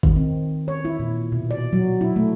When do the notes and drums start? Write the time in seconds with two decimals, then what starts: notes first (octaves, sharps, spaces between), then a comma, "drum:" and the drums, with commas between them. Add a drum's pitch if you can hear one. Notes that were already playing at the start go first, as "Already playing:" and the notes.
0.03 D#3, drum: kick
0.16 C4
0.68 C#5
0.85 E4
0.99 A#2
1.32 B2
1.51 D5
1.73 F#3
2.01 E4
2.16 A3